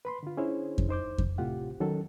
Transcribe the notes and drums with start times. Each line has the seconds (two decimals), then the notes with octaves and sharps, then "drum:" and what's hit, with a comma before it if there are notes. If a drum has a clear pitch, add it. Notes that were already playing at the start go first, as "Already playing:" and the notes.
0.05 B4 B5 C6
0.23 D3 F4
0.37 C#4 D4 E4 G#4 C5 C#5
0.78 drum: kick F2
0.89 D#4 C5 D6 G6
1.18 drum: kick F2
1.38 A2 C3 F4 G4 F#5
1.80 D#3 F#3 C#4 A4